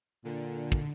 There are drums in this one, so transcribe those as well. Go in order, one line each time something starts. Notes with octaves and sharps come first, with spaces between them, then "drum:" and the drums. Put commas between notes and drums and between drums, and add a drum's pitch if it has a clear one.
A#2 D3
drum: kick